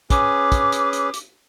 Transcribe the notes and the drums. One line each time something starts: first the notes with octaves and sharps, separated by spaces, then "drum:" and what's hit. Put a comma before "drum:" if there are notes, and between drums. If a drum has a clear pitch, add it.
C#4 G#4 B4 D6, drum: kick, hi-hat
drum: kick, hi-hat
drum: hi-hat
drum: hi-hat
drum: hi-hat